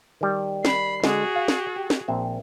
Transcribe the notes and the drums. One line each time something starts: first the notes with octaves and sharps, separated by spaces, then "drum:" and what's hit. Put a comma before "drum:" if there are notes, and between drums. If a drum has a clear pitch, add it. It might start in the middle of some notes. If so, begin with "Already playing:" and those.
D#3 G3
B5 C7, drum: snare
D3 G#3 F#4 G#4, drum: snare
F5
drum: snare
G4
drum: snare
A#1 C4 E5